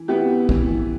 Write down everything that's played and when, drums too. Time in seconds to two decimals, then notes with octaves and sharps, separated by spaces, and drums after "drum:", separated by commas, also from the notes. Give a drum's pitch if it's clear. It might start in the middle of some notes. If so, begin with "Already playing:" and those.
Already playing: E3
0.08 B3 E4 G4
0.49 E3, drum: kick